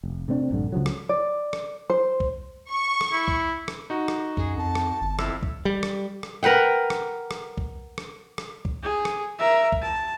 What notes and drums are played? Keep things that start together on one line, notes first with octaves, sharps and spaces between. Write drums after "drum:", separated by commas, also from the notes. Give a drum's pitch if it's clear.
F1
C3 A3 C4 D4
A#1 G2 D3
C#2 C#3 F3 F#3
drum: rim click
D5
drum: rim click
C5
drum: kick
C#6
drum: rim click
E4
drum: kick
drum: rim click
D#4 F#4
drum: rim click
F#2 G#4, drum: kick
F2 A5
drum: rim click
G1
F2 E4 E6, drum: rim click
drum: kick
G3
drum: rim click
drum: rim click
A#4 B4 F#5 G5
drum: rim click
drum: rim click
drum: kick
drum: rim click
drum: rim click
drum: kick
G#4
drum: rim click
A#4 E5
drum: kick
A5